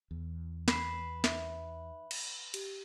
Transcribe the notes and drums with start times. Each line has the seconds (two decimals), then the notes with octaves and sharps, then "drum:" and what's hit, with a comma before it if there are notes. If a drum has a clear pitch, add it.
0.11 E2
0.68 B4 B6 C7 E7, drum: snare
1.24 D#4 E5, drum: snare
2.11 drum: cymbal
2.54 G4, drum: cymbal